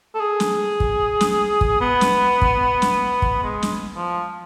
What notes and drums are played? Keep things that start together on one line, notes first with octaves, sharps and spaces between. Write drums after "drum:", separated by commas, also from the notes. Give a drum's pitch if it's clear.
A4
G#4
drum: snare
drum: kick
drum: snare
drum: kick
B3
drum: snare
drum: kick
drum: snare
drum: kick
G#3
drum: snare
F3